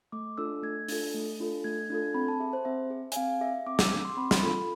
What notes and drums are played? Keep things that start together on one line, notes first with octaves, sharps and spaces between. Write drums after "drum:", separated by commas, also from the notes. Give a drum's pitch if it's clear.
A3 D6
D4 F4 A4 E6
A3 G#6
D4 F4 A4 A6, drum: open hi-hat
A3
D4 F4 A4
A3 G#6
D4 F4 A4 G#6
C4 B5
A5
G#4 E5
C5
C4 E5
G#4
G#5, drum: hi-hat
C4 F5
G#4 E5
C4 D6
E6, drum: snare
G#4 D6
C6
C4 B5
drum: snare
F4 A4 B5